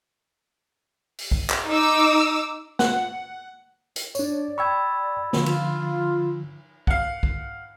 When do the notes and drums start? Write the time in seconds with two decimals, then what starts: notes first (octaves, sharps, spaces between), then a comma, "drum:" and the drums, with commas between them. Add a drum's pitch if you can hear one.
1.18 drum: open hi-hat
1.31 drum: kick
1.50 drum: clap
1.68 D#4 D6 E6
2.79 F#5, drum: snare
3.96 drum: hi-hat
4.15 D4 C#5 D5, drum: tambourine
4.58 G5 B5 C#6 E6 G#6
5.33 D3 F3 F4, drum: snare
5.46 drum: cymbal
6.87 F5 F#5, drum: kick
7.23 drum: kick